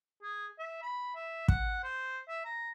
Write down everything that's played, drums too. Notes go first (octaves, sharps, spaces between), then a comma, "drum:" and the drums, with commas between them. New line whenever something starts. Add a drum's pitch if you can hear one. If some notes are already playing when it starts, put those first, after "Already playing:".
G#4
E5
B5
E5
F#5, drum: kick
C5
E5
A#5